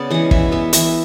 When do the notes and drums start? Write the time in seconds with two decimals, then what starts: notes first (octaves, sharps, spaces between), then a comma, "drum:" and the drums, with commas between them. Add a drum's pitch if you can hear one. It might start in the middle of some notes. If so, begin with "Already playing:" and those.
Already playing: C#3 B3 D5
0.11 E3 G#3 F#5
0.31 E3 E5, drum: kick
0.52 B3 E5
0.73 E3 E5, drum: hi-hat